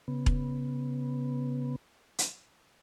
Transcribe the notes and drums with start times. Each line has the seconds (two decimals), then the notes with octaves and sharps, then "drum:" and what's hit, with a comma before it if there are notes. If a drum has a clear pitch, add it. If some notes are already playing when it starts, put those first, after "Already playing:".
0.08 C#3 B3
0.26 drum: kick E1
2.18 drum: hi-hat